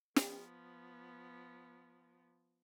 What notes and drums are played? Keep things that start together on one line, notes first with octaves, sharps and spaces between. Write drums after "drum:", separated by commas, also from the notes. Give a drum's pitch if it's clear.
F3 B3, drum: snare